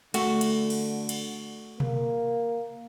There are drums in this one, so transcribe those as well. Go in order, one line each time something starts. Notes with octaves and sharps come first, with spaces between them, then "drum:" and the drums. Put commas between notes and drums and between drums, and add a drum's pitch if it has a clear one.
D3 A3 F#4, drum: cymbal
drum: cymbal
drum: cymbal
drum: cymbal
A#3, drum: tom B2